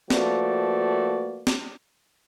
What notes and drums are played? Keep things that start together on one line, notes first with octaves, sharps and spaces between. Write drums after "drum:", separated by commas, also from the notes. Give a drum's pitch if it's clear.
F3 A3 A#3 F#4 B4 D5, drum: snare
drum: snare